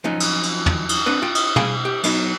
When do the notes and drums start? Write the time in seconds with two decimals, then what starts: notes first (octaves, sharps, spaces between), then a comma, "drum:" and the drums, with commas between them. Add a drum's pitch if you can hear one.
0.04 F3 F#3 C#4 D#4
0.20 drum: cymbal
0.43 drum: cymbal
0.66 drum: tom
0.89 drum: cymbal
1.06 C4 D4 B4 F#5
1.22 F4 G5
1.35 drum: cymbal
1.56 G#4 F5 G5 G#5 B5, drum: tom
1.85 G4
2.03 F#3 B3 D#4 C#5, drum: cymbal